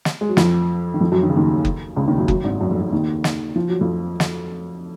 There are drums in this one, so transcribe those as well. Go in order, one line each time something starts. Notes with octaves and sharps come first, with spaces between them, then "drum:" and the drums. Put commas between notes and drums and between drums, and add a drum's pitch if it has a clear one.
drum: snare
G#3
F#3
F2 F3, drum: snare
D#3
F2 F3
F#2 F#3
D#3
C#3
D#2 D#3
drum: kick F#1
C#2 C#3
D#2 D#3
F#2 F#3
F#2 F#3, drum: kick F#1
G#1 G#2
F#2
F2
F#2
D#2 D#3
drum: snare
F3
F#3
F2 F3
drum: snare